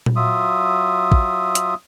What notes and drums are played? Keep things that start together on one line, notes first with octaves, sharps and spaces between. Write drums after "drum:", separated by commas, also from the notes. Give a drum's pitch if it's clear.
drum: tom A#2
F#3 F4 E5 D#6
drum: kick
drum: hi-hat